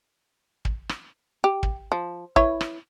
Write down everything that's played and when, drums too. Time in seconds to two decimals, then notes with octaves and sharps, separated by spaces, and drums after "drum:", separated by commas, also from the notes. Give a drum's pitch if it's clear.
0.65 drum: kick
0.89 drum: rim click
1.44 G4
1.63 drum: kick
1.92 F3
2.36 E4 B4 C#5, drum: kick
2.61 drum: rim click